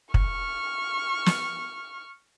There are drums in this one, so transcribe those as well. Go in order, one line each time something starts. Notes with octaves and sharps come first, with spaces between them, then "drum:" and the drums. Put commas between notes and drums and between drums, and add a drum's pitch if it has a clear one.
C#6 F6, drum: kick
drum: snare